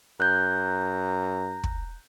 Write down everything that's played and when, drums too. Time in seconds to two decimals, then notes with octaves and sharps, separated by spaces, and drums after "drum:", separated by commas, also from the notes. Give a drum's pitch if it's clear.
0.20 F#2 A#5 F#6 G6
1.64 drum: kick